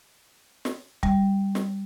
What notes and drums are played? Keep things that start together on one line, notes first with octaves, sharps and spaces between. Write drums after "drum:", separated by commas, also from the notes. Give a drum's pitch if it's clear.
drum: snare
G3, drum: kick
drum: snare